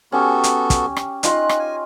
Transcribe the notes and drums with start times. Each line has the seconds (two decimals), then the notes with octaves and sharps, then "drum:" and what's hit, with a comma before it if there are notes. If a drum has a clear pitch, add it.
0.12 B3 C#4 F#4 G4 A4
0.44 drum: hi-hat
0.70 drum: kick, hi-hat
0.96 drum: rim click
1.23 D#4 F4 D#5 F#6, drum: hi-hat
1.49 drum: rim click
1.59 G#5